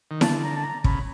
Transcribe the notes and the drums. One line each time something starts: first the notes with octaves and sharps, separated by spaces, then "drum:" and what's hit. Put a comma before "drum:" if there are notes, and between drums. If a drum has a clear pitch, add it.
D#3
D3 A5, drum: snare E4
A#5
A5
A#5
C#3 B5, drum: kick